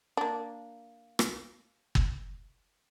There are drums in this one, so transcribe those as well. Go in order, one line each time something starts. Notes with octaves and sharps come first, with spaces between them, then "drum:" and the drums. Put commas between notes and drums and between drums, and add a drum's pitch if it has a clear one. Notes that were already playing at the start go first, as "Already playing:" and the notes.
A#3 D4
drum: rim click
drum: kick